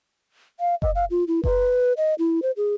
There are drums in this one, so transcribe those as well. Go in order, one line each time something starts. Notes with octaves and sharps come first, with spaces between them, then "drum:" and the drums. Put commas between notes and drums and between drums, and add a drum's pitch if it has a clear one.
F5
D#5, drum: kick F#1
F5
F4
E4
B4, drum: kick F#1
D#5
E4
C5
G#4